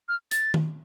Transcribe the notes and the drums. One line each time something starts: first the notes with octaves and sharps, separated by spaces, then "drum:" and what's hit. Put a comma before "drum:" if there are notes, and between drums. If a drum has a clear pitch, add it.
F6
A6, drum: hi-hat
drum: tom D#3